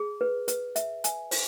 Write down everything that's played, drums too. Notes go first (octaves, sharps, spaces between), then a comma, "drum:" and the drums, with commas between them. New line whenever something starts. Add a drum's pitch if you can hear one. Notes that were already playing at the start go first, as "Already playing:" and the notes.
Already playing: G#4
B4
B4, drum: hi-hat
E5, drum: hi-hat
G#5, drum: hi-hat
C5, drum: open hi-hat